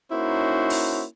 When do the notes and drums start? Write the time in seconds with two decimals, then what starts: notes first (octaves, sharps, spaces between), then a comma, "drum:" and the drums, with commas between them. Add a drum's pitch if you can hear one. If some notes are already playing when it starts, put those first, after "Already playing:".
0.11 A#3 C#4 D#4 E4 F#4 C5
0.70 drum: open hi-hat